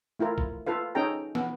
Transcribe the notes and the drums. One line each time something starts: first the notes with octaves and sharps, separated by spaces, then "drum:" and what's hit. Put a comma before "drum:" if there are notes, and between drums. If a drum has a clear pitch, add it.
A3 E4 F4 A#4
drum: kick
F4 A4 B4 F5
C#4 D#4 G#4 A4 G5 A#5
B3, drum: snare